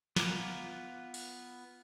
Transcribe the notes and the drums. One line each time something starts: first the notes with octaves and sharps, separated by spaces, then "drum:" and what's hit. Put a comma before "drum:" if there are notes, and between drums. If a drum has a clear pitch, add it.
B3 F4 B4 A#5 D6, drum: snare
drum: open hi-hat